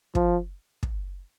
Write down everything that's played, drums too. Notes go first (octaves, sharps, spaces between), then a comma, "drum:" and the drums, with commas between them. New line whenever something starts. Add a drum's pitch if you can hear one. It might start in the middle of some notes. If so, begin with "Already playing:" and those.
F3, drum: kick
drum: kick